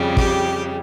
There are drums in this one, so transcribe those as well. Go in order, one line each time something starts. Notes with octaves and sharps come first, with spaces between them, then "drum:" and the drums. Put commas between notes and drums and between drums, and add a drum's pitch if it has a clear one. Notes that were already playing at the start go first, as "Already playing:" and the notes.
Already playing: F2 C#3 G3
G4, drum: kick